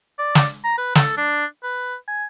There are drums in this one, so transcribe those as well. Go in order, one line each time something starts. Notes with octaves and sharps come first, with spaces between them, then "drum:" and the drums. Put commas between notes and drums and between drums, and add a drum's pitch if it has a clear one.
D5
drum: snare
A#5
B4
A4, drum: snare
D4
B4
G#5